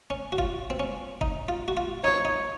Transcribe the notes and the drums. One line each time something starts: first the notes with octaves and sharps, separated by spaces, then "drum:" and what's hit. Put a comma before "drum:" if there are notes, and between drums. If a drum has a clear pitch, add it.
C#4
F#4
F4, drum: kick F#1
C4
C#4
D#4, drum: kick F#1
F4
F#4
F4
D#4 C#5
D#4